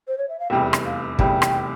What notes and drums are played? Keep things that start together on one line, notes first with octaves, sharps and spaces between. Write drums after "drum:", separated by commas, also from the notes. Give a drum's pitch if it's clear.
C5
C#5
E5
F5
F1 E2 C3 G3 G5
drum: rim click
F5
F1 E2 C3 G3 G5, drum: kick
drum: rim click